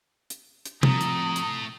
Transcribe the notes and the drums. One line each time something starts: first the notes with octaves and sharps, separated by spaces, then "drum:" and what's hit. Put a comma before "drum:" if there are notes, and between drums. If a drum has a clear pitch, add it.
drum: hi-hat
drum: hi-hat
A2 C3 F3 A#5 D#6, drum: tom
drum: hi-hat
drum: hi-hat